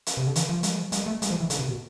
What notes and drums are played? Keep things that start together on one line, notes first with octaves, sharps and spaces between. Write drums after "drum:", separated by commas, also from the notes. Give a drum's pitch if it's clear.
drum: hi-hat
C3
D3
E3, drum: hi-hat
F3
G#3, drum: hi-hat
F3
G#3, drum: hi-hat
A3
G#3, drum: hi-hat
F3
E3
D3, drum: hi-hat
C3
B2